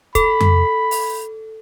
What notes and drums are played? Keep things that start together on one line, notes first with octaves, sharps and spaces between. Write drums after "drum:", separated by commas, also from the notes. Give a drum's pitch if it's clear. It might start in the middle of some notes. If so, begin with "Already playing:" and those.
A4 B5, drum: kick, hi-hat
drum: tom F2
drum: open hi-hat